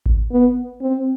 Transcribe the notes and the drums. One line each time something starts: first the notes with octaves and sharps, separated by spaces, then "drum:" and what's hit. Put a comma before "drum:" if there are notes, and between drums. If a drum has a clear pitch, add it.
drum: kick G#1
B3
C4